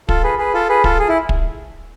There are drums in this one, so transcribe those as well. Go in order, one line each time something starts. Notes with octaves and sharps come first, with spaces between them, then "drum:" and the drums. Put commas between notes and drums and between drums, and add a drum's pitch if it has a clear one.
F4 A4, drum: kick
G#4 B4
G#4 B4
F4 A4
G#4 B4
F4 A4, drum: kick
G#4
E4
drum: kick